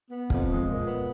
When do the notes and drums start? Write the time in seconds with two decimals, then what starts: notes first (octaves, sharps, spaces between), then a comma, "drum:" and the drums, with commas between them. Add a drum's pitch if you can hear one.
0.11 B3
0.30 F2, drum: kick
0.48 G#3
0.67 A#2
0.87 B3